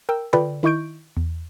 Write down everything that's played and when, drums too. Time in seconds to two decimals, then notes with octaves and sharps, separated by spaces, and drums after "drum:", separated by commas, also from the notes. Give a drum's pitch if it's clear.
0.09 A#4 G5 E6
0.33 F4 A4 B4 D5 G5 B5, drum: tom D3
0.63 D#3 E4 D#5 C#6 G6 D7
1.17 E2